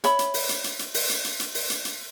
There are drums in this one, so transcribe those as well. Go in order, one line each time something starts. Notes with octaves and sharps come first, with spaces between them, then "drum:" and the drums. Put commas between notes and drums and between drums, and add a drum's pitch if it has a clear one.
C#5 E5 B5, drum: hi-hat
drum: hi-hat
drum: open hi-hat
drum: hi-hat
drum: hi-hat
drum: hi-hat
drum: open hi-hat
drum: hi-hat
drum: hi-hat
drum: hi-hat
drum: open hi-hat
drum: hi-hat
drum: hi-hat